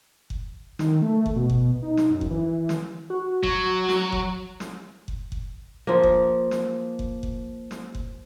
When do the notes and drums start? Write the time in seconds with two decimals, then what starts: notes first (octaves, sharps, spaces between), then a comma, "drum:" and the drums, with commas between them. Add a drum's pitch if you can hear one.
0.30 drum: kick F#1
0.79 D#3, drum: snare
1.02 A3
1.26 drum: kick F#1
1.36 B2
1.50 drum: kick F#1
1.82 D#4
1.97 drum: snare
2.10 F#2
2.21 drum: kick F#1
2.30 E3
2.69 drum: snare
3.10 F#4
3.43 F#3, drum: kick F#1
3.88 drum: snare
4.12 drum: kick F#1
4.60 drum: snare
5.08 drum: kick F#1
5.32 drum: kick F#1
5.87 F3 A#3
6.03 drum: kick F#1
6.51 drum: snare
6.99 drum: kick F#1
7.23 drum: kick F#1
7.71 drum: snare
7.95 drum: kick F#1